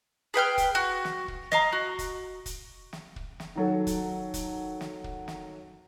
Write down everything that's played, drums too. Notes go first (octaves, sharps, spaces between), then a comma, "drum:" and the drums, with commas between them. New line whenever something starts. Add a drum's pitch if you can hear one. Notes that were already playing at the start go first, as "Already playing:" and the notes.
G#4 B4 G5 F6
drum: kick, hi-hat
F#4
drum: snare
drum: kick
D#5 F5 A#5, drum: snare
F#4
drum: kick, hi-hat
drum: kick, hi-hat
drum: snare
drum: kick
drum: snare
D#3 F#3 A4
drum: kick, hi-hat
drum: kick, hi-hat
drum: snare
drum: kick
drum: snare